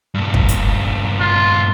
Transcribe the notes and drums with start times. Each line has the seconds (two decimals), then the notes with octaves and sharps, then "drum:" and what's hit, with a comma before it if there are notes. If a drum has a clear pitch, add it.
0.14 G2 A#2
0.34 drum: kick
0.48 drum: hi-hat
1.20 F4